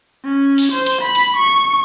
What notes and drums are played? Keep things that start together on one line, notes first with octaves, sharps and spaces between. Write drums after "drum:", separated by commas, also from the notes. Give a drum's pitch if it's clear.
C#4
drum: open hi-hat
C5
drum: hi-hat
B5
drum: hi-hat
C#6